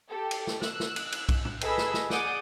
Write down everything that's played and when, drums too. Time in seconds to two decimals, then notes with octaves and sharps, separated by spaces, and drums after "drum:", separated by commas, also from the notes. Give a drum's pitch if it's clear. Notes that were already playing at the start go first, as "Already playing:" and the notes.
0.10 G4 A4
0.31 drum: cymbal
0.47 drum: snare
0.62 E6 F#6, drum: snare
0.80 drum: snare
0.96 drum: cymbal
1.12 drum: cymbal
1.29 drum: kick B1, cymbal
1.45 drum: tom A2
1.61 G#4 A4 B4 D#5 B5 E6, drum: cymbal
1.78 drum: snare
1.94 drum: snare
2.10 G#4 D5 F#5 D6 D#6 G6, drum: snare